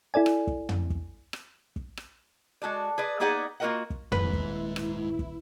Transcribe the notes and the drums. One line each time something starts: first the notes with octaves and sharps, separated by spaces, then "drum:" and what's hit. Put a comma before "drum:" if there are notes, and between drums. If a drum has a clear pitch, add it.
E4 A4 D5 G#5
drum: rim click
drum: kick
drum: tom
drum: kick
drum: rim click
drum: kick
drum: rim click
G#3 F#4 A4 D5
G#4 B4 D5
A#3 B3 D#4 G#4 D5 F#5
A#3 F4 F#4 A#4 D#5 F#5
drum: kick
D#1 G#2 E4 B4, drum: tom
drum: kick
drum: rim click
drum: kick